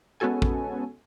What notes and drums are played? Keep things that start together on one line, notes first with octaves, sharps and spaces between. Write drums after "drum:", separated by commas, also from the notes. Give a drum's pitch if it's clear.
G#3 B3 C#4 F#4 A4 G#5
drum: kick A1